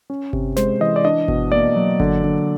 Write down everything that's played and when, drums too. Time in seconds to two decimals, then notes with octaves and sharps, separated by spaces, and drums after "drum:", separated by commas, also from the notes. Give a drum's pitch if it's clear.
0.10 C#4
0.33 C3, drum: kick G1
0.57 G#3 C5, drum: snare
0.80 E3 D#5
0.96 D5
1.04 D4 D#5
1.28 B2, drum: kick G1
1.52 A#3 D5
1.76 F#3
2.00 D3, drum: kick G1
2.24 D3